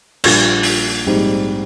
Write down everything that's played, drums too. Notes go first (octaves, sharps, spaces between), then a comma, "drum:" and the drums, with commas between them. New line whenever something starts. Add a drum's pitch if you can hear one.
A#1 A#2 G3 D4 F4, drum: cymbal
drum: open hi-hat
A#1 G#2 G3 C4 D#4